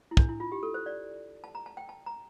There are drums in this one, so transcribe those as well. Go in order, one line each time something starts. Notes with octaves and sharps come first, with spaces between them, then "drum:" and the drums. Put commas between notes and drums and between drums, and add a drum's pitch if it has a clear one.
E4
D4, drum: kick
E4
F4
G4
A4
C5
D5
A5
A#5
A5
G5
A5
A#5